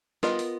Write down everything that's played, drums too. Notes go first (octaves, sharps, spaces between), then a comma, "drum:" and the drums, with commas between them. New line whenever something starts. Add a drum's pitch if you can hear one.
B3 F4 A#4 D#5, drum: snare
drum: open hi-hat